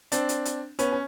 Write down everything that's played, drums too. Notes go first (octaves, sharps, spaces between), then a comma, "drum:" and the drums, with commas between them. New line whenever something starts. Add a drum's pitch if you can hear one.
C4 D4, drum: hi-hat
drum: hi-hat
drum: hi-hat
B3 C#4, drum: hi-hat
C#4